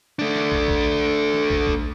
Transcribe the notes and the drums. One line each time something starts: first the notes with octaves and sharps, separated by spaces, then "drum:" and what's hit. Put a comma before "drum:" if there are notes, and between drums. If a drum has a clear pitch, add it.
A3 D4
drum: snare
drum: kick
drum: kick
drum: snare
drum: kick
drum: kick